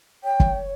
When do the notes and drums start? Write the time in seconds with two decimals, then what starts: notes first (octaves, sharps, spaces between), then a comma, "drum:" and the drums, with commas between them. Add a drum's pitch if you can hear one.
0.24 C#5 G5
0.40 drum: kick